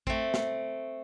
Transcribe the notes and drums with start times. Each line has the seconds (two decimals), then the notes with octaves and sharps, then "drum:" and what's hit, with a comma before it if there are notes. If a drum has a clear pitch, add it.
0.07 A3 C4, drum: kick A1
0.34 drum: snare